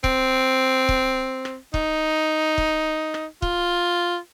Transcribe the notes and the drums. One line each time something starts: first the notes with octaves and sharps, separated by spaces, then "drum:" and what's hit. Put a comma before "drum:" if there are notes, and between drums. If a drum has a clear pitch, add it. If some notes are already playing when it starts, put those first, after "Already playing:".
C4, drum: kick
drum: kick
drum: rim click
D#4, drum: kick
drum: kick
drum: rim click
F4, drum: kick